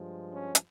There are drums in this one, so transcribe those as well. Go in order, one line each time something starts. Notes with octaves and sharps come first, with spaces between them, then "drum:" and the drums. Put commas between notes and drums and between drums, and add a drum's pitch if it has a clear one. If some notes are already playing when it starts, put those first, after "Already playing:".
Already playing: G2 F3 G#3
C#4
drum: hi-hat